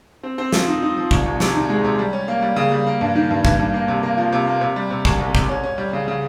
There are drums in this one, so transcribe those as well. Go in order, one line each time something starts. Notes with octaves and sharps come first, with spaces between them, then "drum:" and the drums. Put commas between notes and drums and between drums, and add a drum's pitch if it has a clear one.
C4
C4
F3, drum: snare
D#4
D#4
F3
C2, drum: kick G#1
C2
C3, drum: snare
D#3
G#3
C3
G3
C#4
A#3
G3
C#3
G3
A#3
G2
D#3
G2
G2, drum: kick G#1
G2
A#3
C3
A#3
F3
C3
A#3
C3
G3
C3
C2, drum: kick G#1
C2
C3, drum: kick G#1
C#4
C#4
G3
C#3
C#3